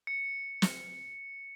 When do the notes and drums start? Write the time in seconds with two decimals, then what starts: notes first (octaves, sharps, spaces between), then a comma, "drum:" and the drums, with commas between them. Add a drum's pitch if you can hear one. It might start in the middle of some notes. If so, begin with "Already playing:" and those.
0.07 C#7
0.62 drum: snare